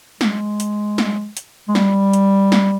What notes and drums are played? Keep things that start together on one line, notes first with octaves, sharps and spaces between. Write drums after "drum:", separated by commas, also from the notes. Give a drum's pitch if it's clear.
G#3, drum: snare
drum: hi-hat
drum: snare
drum: hi-hat
G#3
G3, drum: snare
drum: hi-hat
drum: snare